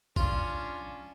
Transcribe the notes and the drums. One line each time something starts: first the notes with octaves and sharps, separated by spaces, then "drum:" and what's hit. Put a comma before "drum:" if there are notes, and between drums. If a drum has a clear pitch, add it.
C#4 D4 F4, drum: kick